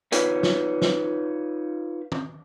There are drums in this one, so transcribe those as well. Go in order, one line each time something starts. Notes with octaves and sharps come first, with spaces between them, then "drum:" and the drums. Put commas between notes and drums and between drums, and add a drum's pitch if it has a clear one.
D#4 F4 B4 C#5, drum: hi-hat
drum: snare
drum: snare
drum: tom D#3